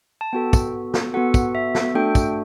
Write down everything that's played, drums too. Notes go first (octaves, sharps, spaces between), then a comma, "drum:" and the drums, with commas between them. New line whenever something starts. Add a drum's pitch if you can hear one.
A5
B3 F#4 A4 G5
drum: kick, tambourine
drum: snare
B3 F#4 A4 F#5
drum: kick, tambourine
E5
drum: snare
A3 D4 F#4 A4 G5
drum: kick, tambourine